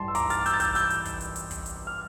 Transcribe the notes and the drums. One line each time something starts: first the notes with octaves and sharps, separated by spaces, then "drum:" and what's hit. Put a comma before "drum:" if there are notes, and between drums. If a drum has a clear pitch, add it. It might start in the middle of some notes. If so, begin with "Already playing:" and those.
Already playing: A1 G2 E3 G3 A5 C6
E6
A#5 D6, drum: kick, hi-hat
F6 A6, drum: hi-hat
E6 G6, drum: hi-hat
A6
E6 G6, drum: kick, hi-hat
E6 G6, drum: hi-hat
drum: hi-hat
drum: kick, hi-hat
drum: hi-hat
drum: hi-hat
drum: kick, hi-hat
drum: hi-hat
F6